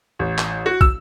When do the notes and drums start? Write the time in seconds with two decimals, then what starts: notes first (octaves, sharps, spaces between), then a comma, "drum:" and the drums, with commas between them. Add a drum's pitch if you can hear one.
0.19 A1
0.38 drum: clap
0.66 F#4
0.81 E6, drum: kick